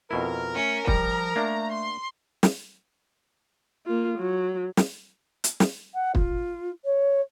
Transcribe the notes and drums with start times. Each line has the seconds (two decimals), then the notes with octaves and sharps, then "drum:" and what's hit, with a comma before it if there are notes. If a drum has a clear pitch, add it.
0.11 F2 B2 E4 A#4
0.55 A3 C#4
0.87 F3 G3 A#5, drum: kick
1.36 A3 A#3 D4
1.71 C6
2.43 drum: snare
3.86 A#3 F4
4.18 F#3
4.77 drum: snare
5.44 drum: hi-hat
5.60 drum: snare
5.94 F#5
6.15 F4, drum: kick
6.85 C#5